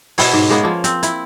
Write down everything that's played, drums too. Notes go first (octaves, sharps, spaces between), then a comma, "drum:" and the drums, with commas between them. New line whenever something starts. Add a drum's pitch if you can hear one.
B2 B3 E4 C#5, drum: open hi-hat
G#2
G#3 A#3 B3 C#4
F3 A#3
C4, drum: hi-hat
E4, drum: hi-hat